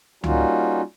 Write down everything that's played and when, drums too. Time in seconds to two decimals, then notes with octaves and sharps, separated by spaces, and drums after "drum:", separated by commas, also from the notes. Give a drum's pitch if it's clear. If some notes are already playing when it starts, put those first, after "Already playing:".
0.24 G3 A#3 C#4 D#4 F4 F#4, drum: tom C#2